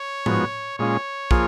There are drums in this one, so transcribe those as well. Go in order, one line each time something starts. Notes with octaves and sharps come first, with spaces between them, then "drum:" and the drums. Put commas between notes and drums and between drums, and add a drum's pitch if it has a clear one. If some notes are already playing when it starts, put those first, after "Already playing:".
Already playing: C#5
G#2 F3 B3 F#4, drum: tom A2
A#2 G#3 C#4 F4 C#5
F3 A#3 F4 G#4, drum: kick